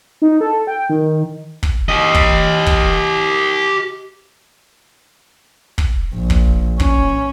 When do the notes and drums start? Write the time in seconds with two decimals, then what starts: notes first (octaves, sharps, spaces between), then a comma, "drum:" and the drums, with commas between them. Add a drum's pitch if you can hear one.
0.22 D#4
0.41 A4
0.67 G5
0.89 D#3
1.63 drum: kick
1.89 G4 D#5
2.15 drum: kick
2.66 drum: kick
5.78 drum: kick
6.14 A#1
6.30 drum: kick
6.80 C#4, drum: kick